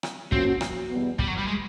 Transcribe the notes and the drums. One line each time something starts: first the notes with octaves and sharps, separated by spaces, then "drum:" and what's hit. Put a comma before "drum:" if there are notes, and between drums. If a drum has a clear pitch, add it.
drum: rim click
F3 A#3 C4 C#4 F#4, drum: kick
drum: rim click
E2 B2 G3 B3
G3, drum: kick
F#3
G3
G#3